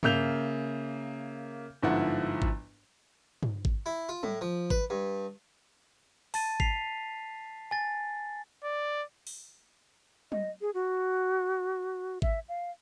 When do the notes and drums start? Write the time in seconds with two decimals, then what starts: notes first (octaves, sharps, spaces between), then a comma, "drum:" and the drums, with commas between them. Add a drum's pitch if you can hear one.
0.03 C#3 A#3 E5 G6 F7, drum: tom
1.82 G1 G#2 F3 E4 F#5
2.42 drum: kick G#1
3.43 drum: tom
3.65 drum: kick G#1
3.86 E4
4.09 F4
4.23 A2, drum: tom F#3
4.41 F3
4.70 B4, drum: kick G#1
4.90 G2
6.34 A5 A6 D#7, drum: open hi-hat
6.60 B6 C7 F7, drum: kick G#1
7.71 G#5 A6
8.63 D5
9.27 drum: open hi-hat
10.32 D#5, drum: tom F#3
10.61 G#4
10.74 F#4
12.22 E5, drum: kick G#1
12.49 F5